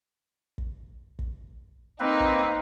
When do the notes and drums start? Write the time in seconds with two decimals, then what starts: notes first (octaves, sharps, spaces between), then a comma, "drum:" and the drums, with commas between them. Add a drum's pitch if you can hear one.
0.58 drum: kick
1.19 drum: kick
2.00 A#3 C4 D#4 B4
2.20 drum: kick